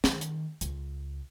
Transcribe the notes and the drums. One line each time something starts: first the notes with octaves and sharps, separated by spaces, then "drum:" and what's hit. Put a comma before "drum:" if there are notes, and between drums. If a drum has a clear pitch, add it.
D#3, drum: snare
drum: hi-hat
C#2, drum: hi-hat